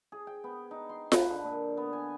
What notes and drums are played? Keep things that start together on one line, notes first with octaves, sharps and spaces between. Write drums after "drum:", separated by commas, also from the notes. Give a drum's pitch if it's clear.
G#4
G5
B3
D#4
C6
B4, drum: snare F4
D3
A#2
B3
G#5